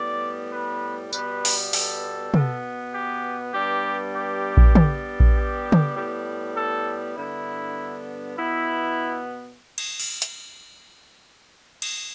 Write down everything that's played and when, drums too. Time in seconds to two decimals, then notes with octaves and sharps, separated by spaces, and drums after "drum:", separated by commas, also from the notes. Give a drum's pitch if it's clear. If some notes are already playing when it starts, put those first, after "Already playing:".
Already playing: A2 G3 B3 D5
0.52 B4
1.13 B2 G3 B3 B4, drum: tambourine
1.45 drum: open hi-hat
1.73 A4, drum: open hi-hat
2.34 B2 B3, drum: tom
2.94 G4
3.54 G2 G3 B3 G4
4.15 G4
4.57 drum: kick A#1
4.75 G2 G3 B3, drum: tom
5.20 drum: kick A#1
5.36 G4
5.72 drum: tom
5.96 A2 G3 B3
6.56 A4
7.16 G2 D3 B3 E4
8.37 B2 B3 E4
9.78 drum: cymbal
9.99 drum: cymbal
10.22 drum: hi-hat
11.82 drum: cymbal